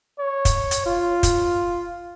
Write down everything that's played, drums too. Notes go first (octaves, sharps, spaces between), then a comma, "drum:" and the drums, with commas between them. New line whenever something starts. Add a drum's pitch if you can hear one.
C#5
drum: kick, hi-hat
drum: hi-hat
F4
drum: kick, hi-hat